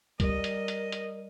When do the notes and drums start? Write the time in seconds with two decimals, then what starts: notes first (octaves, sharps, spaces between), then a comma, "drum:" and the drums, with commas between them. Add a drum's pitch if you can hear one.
0.20 G3 A#4 D#5, drum: kick B1, hi-hat
0.44 drum: hi-hat
0.68 drum: hi-hat
0.92 drum: hi-hat